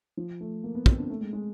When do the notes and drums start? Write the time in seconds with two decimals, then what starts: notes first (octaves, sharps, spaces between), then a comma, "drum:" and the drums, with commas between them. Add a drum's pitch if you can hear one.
0.17 F3
0.40 A3
0.64 A#3
0.75 B3
0.86 C4, drum: kick
0.98 D4
1.10 A3
1.21 G#3
1.33 G#3